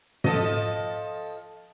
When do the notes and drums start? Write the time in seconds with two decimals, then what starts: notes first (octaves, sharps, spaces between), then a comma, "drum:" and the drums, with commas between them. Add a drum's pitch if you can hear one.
0.24 F3 A4 D#5, drum: tom